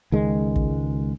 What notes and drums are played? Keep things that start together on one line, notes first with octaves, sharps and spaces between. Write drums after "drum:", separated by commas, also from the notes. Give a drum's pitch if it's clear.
C#2 D#3 G#3
drum: kick